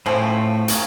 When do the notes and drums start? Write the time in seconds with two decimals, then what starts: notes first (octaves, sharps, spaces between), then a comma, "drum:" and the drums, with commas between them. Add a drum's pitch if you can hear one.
0.06 A2 C#3 F3 A3 C4
0.68 C#3 F#3 A#3, drum: hi-hat